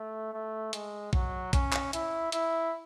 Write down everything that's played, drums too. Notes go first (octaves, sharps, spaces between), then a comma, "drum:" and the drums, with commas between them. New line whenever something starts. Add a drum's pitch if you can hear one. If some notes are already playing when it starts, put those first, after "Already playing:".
Already playing: A3
A3
G#3, drum: hi-hat
F#3, drum: kick A#1
C#4, drum: kick A#1, hi-hat
drum: clap
E4, drum: hi-hat
E4, drum: hi-hat